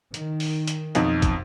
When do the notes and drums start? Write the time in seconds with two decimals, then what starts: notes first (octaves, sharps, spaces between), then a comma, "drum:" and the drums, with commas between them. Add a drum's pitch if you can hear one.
0.14 D#3, drum: hi-hat
0.40 drum: open hi-hat
0.67 drum: hi-hat
0.95 B1 F2 D#4, drum: hi-hat
1.22 drum: kick, hi-hat